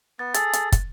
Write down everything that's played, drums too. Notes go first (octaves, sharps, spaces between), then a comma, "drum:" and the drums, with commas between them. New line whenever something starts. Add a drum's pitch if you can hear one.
B3 A6
G#4 A4 A6, drum: hi-hat
drum: hi-hat
drum: kick, hi-hat